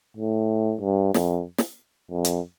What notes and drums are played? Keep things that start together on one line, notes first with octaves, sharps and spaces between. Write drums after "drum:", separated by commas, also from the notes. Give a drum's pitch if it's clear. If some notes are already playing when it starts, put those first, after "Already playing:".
A2
G2
F2, drum: snare
drum: snare
F2
drum: hi-hat